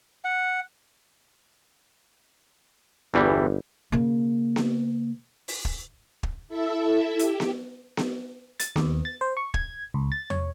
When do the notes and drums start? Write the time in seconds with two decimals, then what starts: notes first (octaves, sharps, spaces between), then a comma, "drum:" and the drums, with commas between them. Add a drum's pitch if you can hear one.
0.24 F#5
3.14 G1 E2 E3 G3
3.92 C#3 A#3
4.56 drum: snare B3
5.48 drum: open hi-hat
5.65 drum: kick
6.23 drum: kick
6.48 E4 A4 E5
7.19 G4, drum: hi-hat
7.40 drum: snare B3
7.97 drum: snare B3
8.60 A6, drum: hi-hat
8.76 D#2, drum: snare B3
9.05 A6
9.21 C5
9.37 C#6
9.54 G#6, drum: kick
9.94 C#2
10.12 A6
10.30 C#5, drum: tom E2